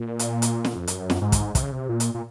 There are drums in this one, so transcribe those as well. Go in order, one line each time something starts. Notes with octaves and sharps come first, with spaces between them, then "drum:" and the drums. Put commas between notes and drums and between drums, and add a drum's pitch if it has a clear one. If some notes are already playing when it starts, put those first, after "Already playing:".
Already playing: A#2
drum: hi-hat
drum: hi-hat
drum: snare
F2
F#2, drum: hi-hat
drum: snare
G#2
drum: kick, hi-hat
C3, drum: kick, hi-hat
C#3
C3
A#2
drum: hi-hat
A#2